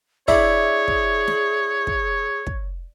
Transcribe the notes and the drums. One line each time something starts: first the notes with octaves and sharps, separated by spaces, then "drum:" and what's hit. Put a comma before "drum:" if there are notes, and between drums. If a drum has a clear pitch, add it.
E4 G#4 C#5 D5, drum: kick
drum: kick
drum: snare
drum: kick
drum: kick